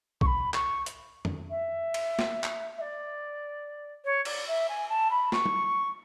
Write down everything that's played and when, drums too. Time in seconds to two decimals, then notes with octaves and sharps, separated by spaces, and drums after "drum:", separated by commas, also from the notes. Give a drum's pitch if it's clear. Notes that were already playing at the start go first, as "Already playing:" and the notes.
0.21 C#6, drum: kick A#1
0.26 B5
0.54 C#6, drum: clap
0.86 drum: hi-hat
1.25 drum: tom F2
1.50 E5
1.94 drum: cymbal
2.19 drum: snare
2.44 drum: clap
2.77 E5
2.81 D5
4.05 C#5
4.25 D5, drum: cymbal
4.48 E5
4.69 G#5
4.89 A5
5.10 B5
5.32 C#6, drum: snare
5.46 drum: tom G3